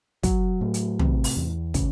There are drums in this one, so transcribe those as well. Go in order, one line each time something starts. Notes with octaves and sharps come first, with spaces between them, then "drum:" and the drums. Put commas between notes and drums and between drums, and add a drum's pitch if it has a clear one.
F#3, drum: kick, hi-hat
A2
drum: hi-hat
C3, drum: tom
drum: open hi-hat
E2
C#3, drum: kick, hi-hat